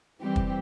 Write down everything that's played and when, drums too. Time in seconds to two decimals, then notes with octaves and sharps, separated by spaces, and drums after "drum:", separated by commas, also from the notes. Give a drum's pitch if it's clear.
0.19 E3 G3 C4 G4
0.36 drum: kick